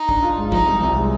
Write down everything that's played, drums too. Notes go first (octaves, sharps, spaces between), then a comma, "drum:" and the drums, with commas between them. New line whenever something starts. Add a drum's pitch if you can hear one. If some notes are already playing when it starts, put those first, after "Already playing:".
Already playing: D#4
D4, drum: kick
F4
G#2
F3 D#4, drum: kick
C2
C2
G#3